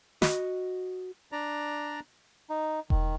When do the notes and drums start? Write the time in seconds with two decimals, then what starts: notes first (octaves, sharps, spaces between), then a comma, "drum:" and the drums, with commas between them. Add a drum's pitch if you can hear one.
0.22 F#4 D#5 B5, drum: snare
1.32 D4 D5 A#5
2.50 D#4
2.90 D#3, drum: kick E1